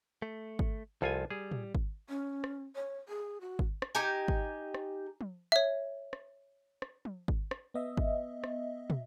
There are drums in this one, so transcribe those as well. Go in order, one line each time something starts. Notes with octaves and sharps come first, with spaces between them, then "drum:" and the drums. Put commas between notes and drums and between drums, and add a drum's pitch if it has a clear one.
A3
drum: kick G#1
C2 F3 F4 A4 G#5
G3 G#4
drum: tom A2
drum: kick G#1
C#4
drum: rim click
C#5
G#4
F#4
drum: kick G#1
drum: rim click
D#4 G4 G#5
drum: kick G#1
drum: rim click
drum: tom F3
C#5 E5
drum: rim click
drum: rim click
drum: tom F3
drum: kick G#1
drum: rim click
B3 D#5 E5
drum: kick G#1
drum: rim click
drum: tom